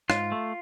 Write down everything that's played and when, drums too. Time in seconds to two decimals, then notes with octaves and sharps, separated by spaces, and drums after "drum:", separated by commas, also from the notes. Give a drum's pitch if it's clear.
0.10 G#2 F4, drum: rim click
0.32 A3